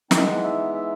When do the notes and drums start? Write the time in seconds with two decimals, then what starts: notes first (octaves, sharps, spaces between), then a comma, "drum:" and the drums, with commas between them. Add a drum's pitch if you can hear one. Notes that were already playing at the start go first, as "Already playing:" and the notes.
0.11 E3 G#3 B3 D#4 G5, drum: snare
0.22 F#5
0.32 F#5
0.43 E5
0.74 E5